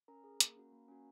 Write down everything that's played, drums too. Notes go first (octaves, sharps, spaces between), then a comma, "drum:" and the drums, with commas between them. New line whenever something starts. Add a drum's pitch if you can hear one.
C#4 A#4 A#5
G#4
A#3, drum: hi-hat
C#4 F#4
A#3
C#4 F#4